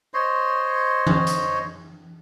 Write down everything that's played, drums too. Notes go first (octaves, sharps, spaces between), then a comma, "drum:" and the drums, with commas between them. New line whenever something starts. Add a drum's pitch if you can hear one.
C5 C#5 D#5 C6
drum: tom E3
drum: hi-hat